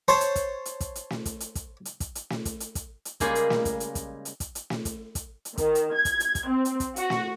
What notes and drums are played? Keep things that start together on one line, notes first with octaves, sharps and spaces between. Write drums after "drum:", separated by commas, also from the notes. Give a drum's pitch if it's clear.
C5 C#5 A5 C6
drum: hi-hat
drum: kick, hi-hat
drum: hi-hat
drum: kick, hi-hat
drum: hi-hat
drum: snare
drum: kick, hi-hat
drum: hi-hat
drum: kick, hi-hat
drum: hi-hat
drum: kick, hi-hat
drum: hi-hat
drum: snare
drum: kick, hi-hat
drum: hi-hat
drum: kick, hi-hat
drum: hi-hat
C#3 G3 G#3 A#3 G#4 D#5, drum: kick, hi-hat
drum: hi-hat
drum: snare
drum: kick, hi-hat
drum: hi-hat
drum: kick, hi-hat
drum: hi-hat
drum: kick, hi-hat
drum: hi-hat
drum: snare
drum: kick, hi-hat
drum: kick, hi-hat
drum: hi-hat
D#3, drum: kick, hi-hat
drum: hi-hat
G#6
drum: kick, hi-hat
drum: hi-hat
drum: kick, hi-hat
C4
drum: hi-hat
drum: kick, hi-hat
F#4, drum: hi-hat
drum: snare